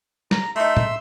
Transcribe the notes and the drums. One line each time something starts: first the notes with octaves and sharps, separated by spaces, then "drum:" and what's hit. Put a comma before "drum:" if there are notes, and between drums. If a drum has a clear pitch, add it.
A#5, drum: snare
A3 D#4 E5 C6 E6
drum: tom